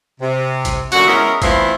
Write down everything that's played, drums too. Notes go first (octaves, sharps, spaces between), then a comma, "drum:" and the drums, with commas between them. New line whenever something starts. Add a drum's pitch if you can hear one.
C3
drum: kick G#1, hi-hat
F#2 A#2 D3 F#4, drum: hi-hat
G#3 B3 C#4 E4 A#4 D#5
E3 F3 A3 B3 C4 E4, drum: kick G#1, hi-hat